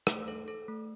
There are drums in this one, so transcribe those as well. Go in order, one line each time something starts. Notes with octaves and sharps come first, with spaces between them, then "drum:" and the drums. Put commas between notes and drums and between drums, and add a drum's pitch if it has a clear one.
A3, drum: rim click
A4
A4
A3